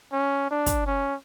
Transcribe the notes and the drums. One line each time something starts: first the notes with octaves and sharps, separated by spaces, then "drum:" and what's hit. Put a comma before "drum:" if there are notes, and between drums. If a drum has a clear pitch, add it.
C#4
D4
drum: kick, hi-hat
C#4